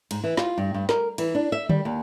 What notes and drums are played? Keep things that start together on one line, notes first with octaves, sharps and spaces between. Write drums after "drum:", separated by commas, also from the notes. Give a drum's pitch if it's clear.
G#2, drum: cymbal
E3
F4, drum: snare
G2
G2
A#4, drum: snare
E3, drum: cymbal
D4
E5
G3, drum: tom D3
D#2